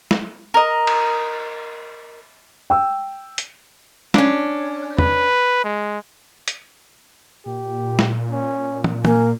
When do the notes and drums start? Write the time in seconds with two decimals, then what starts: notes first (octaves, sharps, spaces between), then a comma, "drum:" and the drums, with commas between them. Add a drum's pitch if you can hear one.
0.11 drum: snare
0.54 A#4 D#5
0.87 drum: cymbal
2.70 G5 E6
3.38 drum: hi-hat
4.14 C#4 D4, drum: snare
4.98 B4, drum: tom E2
5.64 G#3
6.48 drum: hi-hat
7.46 A#2 G4
7.99 drum: snare
8.31 C#4
8.84 drum: tom
9.05 A#3 G#5, drum: tom